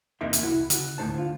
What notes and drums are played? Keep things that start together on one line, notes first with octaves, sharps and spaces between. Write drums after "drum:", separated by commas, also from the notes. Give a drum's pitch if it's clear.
E2 C3 A#3 D#4 E5 C6
drum: hi-hat
C2 E4 F#4
C#3 F#4, drum: hi-hat
D2 A2 A3 D#4 C5 A5
D3 F4